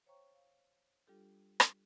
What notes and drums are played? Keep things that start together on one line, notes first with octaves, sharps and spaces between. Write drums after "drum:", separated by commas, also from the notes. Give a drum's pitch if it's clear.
C5 C#5 F5 G5 A#5 C#6
F5
G3 D4 F4 G4 A4
drum: rim click